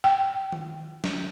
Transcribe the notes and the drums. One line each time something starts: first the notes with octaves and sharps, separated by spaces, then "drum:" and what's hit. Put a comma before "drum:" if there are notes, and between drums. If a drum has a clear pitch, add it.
G5
drum: tom D#3
drum: snare